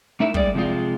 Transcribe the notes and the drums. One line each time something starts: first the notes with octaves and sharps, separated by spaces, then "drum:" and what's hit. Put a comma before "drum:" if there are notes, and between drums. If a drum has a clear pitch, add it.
A3 D#4 E4 A#4 E5
G3 G#3 A#3 D5, drum: kick
C3 F3 F#3 G#3 F4